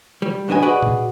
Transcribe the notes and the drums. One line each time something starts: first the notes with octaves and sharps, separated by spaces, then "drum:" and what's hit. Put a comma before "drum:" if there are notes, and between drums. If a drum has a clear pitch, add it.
G3
F#2 F#3 D4 B4 D#5 G#5
F#4 G#4 B4 D5 D#5 F#5
drum: tom A#2